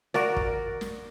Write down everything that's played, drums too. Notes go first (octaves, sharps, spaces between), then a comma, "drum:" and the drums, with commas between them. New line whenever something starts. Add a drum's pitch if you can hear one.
F#4 A#4 D5, drum: snare
drum: kick
drum: snare